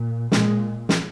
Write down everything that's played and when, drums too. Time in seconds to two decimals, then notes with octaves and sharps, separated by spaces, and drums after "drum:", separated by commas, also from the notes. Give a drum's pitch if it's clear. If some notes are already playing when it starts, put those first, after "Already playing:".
Already playing: A#2
0.32 A#2 G#3, drum: snare
0.89 drum: snare